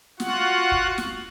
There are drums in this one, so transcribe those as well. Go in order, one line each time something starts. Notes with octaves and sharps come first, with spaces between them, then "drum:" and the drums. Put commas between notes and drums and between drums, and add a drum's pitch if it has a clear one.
F4 F#4 F#5, drum: snare
drum: kick
drum: snare